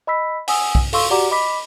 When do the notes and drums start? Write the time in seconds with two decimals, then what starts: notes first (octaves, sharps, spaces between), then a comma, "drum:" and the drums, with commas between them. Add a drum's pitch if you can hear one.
0.07 D#5 B5 E6 B6
0.48 F#5 G#5 D#6 E6, drum: open hi-hat
0.75 drum: kick
0.93 A4 F5 C6 C#6 E6, drum: open hi-hat
1.10 F#4 G4 D5 F#5 A#5 D6
1.31 D#5 B5 D6 B6